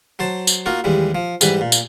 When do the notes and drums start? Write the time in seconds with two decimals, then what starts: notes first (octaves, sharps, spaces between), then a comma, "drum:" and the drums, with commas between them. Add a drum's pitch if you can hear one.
0.19 F#3 C5 A5
0.47 drum: tambourine
0.66 A#3 D#4 F4 F#4
0.84 D#2 E3 G3 G#3
1.15 F3
1.41 G#2 E3 G3 B4, drum: tambourine
1.61 A#2
1.72 drum: tambourine